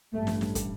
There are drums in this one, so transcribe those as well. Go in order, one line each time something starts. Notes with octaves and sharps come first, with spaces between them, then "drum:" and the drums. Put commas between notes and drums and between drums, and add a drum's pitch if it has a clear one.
A1 G2 A3
drum: snare
drum: snare
drum: kick, hi-hat